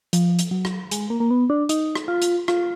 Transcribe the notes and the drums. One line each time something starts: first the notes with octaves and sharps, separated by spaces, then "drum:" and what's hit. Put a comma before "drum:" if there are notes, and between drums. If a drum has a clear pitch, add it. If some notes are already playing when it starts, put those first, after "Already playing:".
F3, drum: hi-hat
drum: hi-hat
F#3
drum: rim click
G#3, drum: hi-hat
A#3
A#3
B3
D4
D#4, drum: hi-hat
drum: rim click
F4
drum: hi-hat
F4, drum: rim click